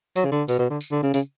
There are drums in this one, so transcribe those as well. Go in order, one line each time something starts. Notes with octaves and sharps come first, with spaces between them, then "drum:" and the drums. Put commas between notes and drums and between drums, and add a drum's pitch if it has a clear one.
F#3, drum: tambourine
C#3
D3
B2, drum: tambourine
B2
D3
drum: tambourine
D3
C#3
C#3, drum: tambourine